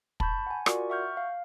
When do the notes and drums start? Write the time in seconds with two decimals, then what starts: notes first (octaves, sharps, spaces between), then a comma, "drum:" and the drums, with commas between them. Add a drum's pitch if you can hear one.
0.20 A5 B5 C#6 G6, drum: kick
0.46 F#5 G#5
0.66 F4 F#4 A#4 D5 C#6, drum: rim click
0.90 E5 F#5 C#6 F6 G6
1.17 F5